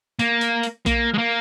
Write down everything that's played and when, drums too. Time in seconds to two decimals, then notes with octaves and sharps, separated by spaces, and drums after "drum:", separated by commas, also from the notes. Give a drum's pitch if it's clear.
0.19 A#3, drum: hi-hat
0.41 drum: hi-hat
0.63 drum: hi-hat
0.86 A#3, drum: kick A#1, hi-hat
1.14 G#3
1.18 A#3